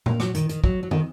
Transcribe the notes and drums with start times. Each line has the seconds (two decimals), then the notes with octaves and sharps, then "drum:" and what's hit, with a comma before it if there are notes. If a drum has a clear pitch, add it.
0.06 A#3, drum: tom A#2
0.20 F#3, drum: rim click
0.35 D#3, drum: hi-hat
0.49 D#3, drum: hi-hat
0.64 F#3, drum: kick
0.83 F#3
0.91 D#3, drum: tom